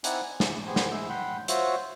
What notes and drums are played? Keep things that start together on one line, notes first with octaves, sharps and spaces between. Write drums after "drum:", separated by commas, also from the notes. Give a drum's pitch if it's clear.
C4 D#4 E4 D5 F#5 G#5, drum: hi-hat
G#5
drum: snare
B3 G4 G#4 C5 G#5
drum: snare
G#3 E4 E6
F#5 G5 B5 C6
F4 F#4 C5 C#5 E5, drum: hi-hat